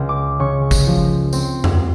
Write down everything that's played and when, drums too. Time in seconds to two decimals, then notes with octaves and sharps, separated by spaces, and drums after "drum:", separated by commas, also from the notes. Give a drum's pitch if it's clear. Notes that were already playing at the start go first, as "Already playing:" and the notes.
Already playing: C#2
0.09 D6
0.39 C#3 C#6
0.71 drum: kick G#1, tambourine
0.87 F3
1.33 C4, drum: tambourine
1.64 drum: tom F2